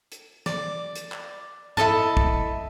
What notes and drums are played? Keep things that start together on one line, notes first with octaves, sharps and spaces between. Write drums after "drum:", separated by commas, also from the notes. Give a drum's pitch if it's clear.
drum: hi-hat
D5, drum: snare
drum: hi-hat
drum: clap
E4 A4 D#5 A5, drum: tom G#2
drum: kick